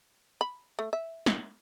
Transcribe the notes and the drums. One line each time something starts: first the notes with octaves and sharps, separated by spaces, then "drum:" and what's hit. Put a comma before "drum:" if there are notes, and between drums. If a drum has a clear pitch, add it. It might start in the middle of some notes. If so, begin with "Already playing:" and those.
B5
A3
E5
drum: snare